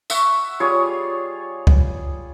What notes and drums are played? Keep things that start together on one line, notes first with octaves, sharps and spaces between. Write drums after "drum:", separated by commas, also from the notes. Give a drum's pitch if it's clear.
E5 F#5 C#6, drum: tambourine
G3 F4 G#4 C#5
drum: kick C#2